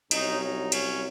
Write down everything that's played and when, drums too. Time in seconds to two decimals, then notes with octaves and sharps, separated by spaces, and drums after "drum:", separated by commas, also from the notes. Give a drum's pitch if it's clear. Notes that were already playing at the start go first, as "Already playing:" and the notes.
0.11 C2 C3 F#3 C#4 D#4, drum: cymbal
0.42 D#4
0.72 C#4, drum: cymbal